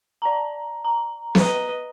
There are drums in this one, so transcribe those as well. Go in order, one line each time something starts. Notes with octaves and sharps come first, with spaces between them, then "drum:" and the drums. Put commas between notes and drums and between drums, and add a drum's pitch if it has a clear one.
D5 A5 A#5
A#5
B4 D#5, drum: snare B3